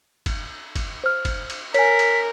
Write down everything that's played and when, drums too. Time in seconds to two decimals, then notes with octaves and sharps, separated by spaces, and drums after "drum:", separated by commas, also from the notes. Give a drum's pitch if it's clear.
0.26 drum: kick, cymbal
0.75 drum: kick, cymbal
1.04 C5 F6
1.25 drum: kick, cymbal
1.50 drum: cymbal
1.74 A#4 C#5 G#5 B6, drum: cymbal
1.99 drum: cymbal